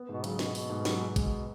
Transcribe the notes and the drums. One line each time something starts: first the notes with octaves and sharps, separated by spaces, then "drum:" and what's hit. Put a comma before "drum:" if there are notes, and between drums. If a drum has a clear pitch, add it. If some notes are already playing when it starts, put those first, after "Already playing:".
Already playing: B3
G#2 B2
C#3 F#3, drum: hi-hat
B2 G#4, drum: snare
B2 B3, drum: open hi-hat
G#2
F#3, drum: snare
G#4
B2 G#3, drum: kick G#1, hi-hat